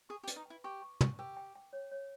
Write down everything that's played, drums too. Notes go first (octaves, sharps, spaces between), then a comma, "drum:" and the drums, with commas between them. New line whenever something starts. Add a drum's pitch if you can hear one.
G#4 C#6
G4
B4, drum: hi-hat
D#4
E4 G5
G4 C#6
C#6
C#6, drum: tom
G4 A#4
G5
G5
C#5
C#5